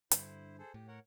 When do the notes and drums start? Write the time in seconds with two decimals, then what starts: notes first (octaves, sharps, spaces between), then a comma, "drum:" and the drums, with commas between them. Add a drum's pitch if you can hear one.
0.11 G2 D3 E4 C5, drum: hi-hat
0.59 G#4 A4 C5
0.74 A2 G4
0.88 A#4 C#5 F#5